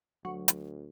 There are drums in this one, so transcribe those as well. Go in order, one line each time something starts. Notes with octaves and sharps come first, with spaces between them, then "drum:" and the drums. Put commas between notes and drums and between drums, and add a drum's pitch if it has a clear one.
D2 F#3
drum: hi-hat